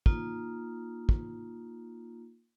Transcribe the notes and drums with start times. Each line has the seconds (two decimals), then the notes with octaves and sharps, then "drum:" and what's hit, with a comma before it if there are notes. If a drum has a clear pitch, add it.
0.06 A#3 D#4 F4, drum: kick
1.09 drum: kick